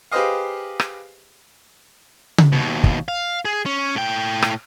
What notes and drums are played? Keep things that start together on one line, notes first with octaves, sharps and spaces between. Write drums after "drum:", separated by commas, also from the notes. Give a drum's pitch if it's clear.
G4 G#4 B4 C5 D#5 F5
drum: rim click
drum: tom C#3
D#2 B2
drum: kick
F5
G#4
C#4
A2 G5
drum: rim click